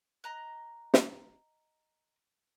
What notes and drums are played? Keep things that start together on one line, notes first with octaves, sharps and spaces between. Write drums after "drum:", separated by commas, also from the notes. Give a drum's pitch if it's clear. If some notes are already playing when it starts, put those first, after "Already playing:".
D#5 A#5 F#6
drum: snare